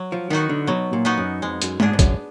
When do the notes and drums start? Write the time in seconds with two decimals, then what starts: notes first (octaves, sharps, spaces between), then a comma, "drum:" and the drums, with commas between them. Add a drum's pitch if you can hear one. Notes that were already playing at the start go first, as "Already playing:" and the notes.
Already playing: F#3
0.12 F3
0.30 D#3 B3 D#4 F#4
0.49 D3
0.67 B2 F#3
0.93 A#2
1.05 B3 D#4 F#4
1.17 F#2
1.42 F2 G#3
1.62 F#2, drum: hi-hat
1.80 G#2 B3 D4 G#4, drum: tom G#3
1.93 G#2
1.99 F#2, drum: kick, hi-hat